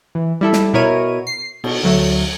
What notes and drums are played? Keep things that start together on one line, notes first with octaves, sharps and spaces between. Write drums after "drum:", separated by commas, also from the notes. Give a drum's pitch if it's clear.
E3
G3 E4 A4
drum: snare
B2 E4 A#4 C#5 D#7
C7
B2, drum: cymbal
D2 F#3 A3